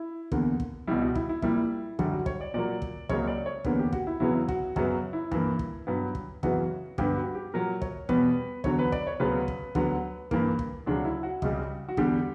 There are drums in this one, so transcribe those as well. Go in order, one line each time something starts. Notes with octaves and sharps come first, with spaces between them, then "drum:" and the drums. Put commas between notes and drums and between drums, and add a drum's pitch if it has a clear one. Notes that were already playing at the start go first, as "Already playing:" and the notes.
Already playing: E4
E2 D3 A#3, drum: kick
drum: kick
C#2 B2 G3 E4
F#4
E4, drum: kick
E4
A#2 G3 A#3 E4, drum: kick
F#2 D3 G3 F#4, drum: kick
F#4
C#5, drum: kick
D5
A#2 F#3 A#3 D5
drum: kick
C#2 C#3 F#3 A#3 C#5, drum: kick
D5
C#5
E2 D3 A#3 B4, drum: kick
G4
F#4, drum: kick
E4
E2 C#3 F#3 B3 E4
F#4, drum: kick
F#2 C#3 F#3 B3 F#4, drum: kick
E4
G2 E3 A#3, drum: kick
drum: kick
G2 F#3 B3
drum: kick
F#2 C#3 E3 B3 F#4, drum: kick
G2 D3 G3 B3 G4, drum: kick
F#4
G4
A#2 F#3 A#3 A#4
C#5, drum: kick
E2 B2 G3 B4, drum: kick
E2 D3 F#3 C#5, drum: kick
B4
D5, drum: kick
C#5
D2 C#3 F#3 B3 B4
drum: kick
D2 D3 F#3 B3, drum: kick
G2 E3 A#3, drum: kick
drum: kick
D2 C#3 F#3 D4
E4
F#4
C#2 C#3 G3, drum: kick
F#4
E2 D3 G3 G4, drum: kick